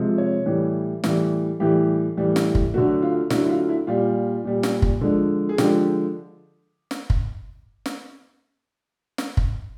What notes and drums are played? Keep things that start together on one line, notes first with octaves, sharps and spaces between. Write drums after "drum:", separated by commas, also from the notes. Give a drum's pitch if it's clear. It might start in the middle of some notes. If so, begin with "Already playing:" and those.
Already playing: C3 F3 G#3
C#5
A2 E3 G3
A2 E3 G3, drum: snare
A2 E3 G3 G4
A2 E3 G3
drum: snare
drum: kick F#1
D3 F#3 A3 F#4
F4
D3 F#3 A3 E4, drum: snare
E4
F4
E4
A#2 G3 F4
A#2 G3
drum: snare
drum: kick F#1
D3 F3 G#3
G#4
D3 F3 G#3 G4, drum: snare
drum: snare
drum: kick F#1
drum: snare
drum: snare
drum: kick F#1